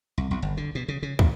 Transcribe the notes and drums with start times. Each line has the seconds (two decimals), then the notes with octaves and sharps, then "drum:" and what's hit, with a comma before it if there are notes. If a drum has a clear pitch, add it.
0.18 C2
0.31 B1
0.42 G1
0.57 D3
0.75 B2
0.88 C#3
1.03 C#3
1.19 A1, drum: kick